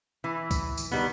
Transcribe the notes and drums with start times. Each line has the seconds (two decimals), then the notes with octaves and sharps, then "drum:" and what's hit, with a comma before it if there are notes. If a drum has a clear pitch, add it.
0.24 E3
0.51 drum: kick, tambourine
0.77 drum: tambourine
0.92 D#3 G3 B3